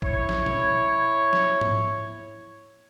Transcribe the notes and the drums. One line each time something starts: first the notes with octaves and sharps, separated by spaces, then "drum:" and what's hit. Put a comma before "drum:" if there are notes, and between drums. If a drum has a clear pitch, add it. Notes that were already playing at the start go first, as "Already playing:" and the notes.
E4 C#5, drum: kick
drum: snare
drum: tom B2
drum: snare
drum: tom G#2